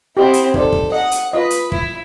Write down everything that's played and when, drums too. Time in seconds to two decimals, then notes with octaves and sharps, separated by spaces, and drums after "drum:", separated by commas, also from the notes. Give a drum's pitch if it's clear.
0.17 C4 E4 G4 D#5 F#5
0.33 drum: hi-hat
0.54 D#4 A4 C5 D5, drum: kick
0.72 drum: kick
0.92 D#5 F#5
1.11 drum: hi-hat
1.33 F4 B4 D#5
1.50 drum: hi-hat
1.72 E4, drum: kick